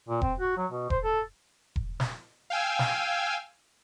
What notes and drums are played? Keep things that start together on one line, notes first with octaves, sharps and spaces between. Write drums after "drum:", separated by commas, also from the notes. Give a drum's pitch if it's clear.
A#2
C4, drum: kick E1
F#4
F#3
B2
C5, drum: kick E1
A4
drum: kick E1
drum: snare
F5 G5 G#5 E6
drum: snare